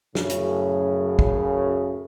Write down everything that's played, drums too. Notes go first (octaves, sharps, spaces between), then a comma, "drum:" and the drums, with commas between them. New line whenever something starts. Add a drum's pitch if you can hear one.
F#2 A2 C#3, drum: snare
drum: hi-hat
drum: kick